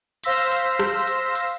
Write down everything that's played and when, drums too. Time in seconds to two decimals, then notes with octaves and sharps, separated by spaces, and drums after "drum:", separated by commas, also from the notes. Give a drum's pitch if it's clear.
0.24 C5 F5 C6 E6 A#6 B6, drum: hi-hat
0.51 drum: hi-hat
0.79 drum: rim click
1.07 drum: hi-hat
1.35 drum: hi-hat